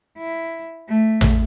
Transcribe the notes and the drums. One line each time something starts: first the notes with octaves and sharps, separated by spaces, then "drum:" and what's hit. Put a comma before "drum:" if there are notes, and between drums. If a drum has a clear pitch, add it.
E4
A3
drum: tom A1